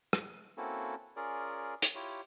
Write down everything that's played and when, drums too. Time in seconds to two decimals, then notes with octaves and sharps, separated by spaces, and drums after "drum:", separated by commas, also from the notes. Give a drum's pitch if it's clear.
0.13 drum: rim click
0.57 A#3 C4 C#4 E4 F#4 A4
1.16 C#4 F4 G#4 A#4 D5
1.82 drum: hi-hat
1.95 E4 F4 G4 C#5